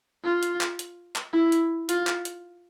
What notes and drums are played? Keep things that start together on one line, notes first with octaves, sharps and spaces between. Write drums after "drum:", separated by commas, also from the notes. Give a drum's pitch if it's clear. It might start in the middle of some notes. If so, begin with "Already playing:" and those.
F4
drum: hi-hat
drum: clap
drum: hi-hat
drum: clap
E4
drum: hi-hat
F4, drum: hi-hat
drum: clap
drum: hi-hat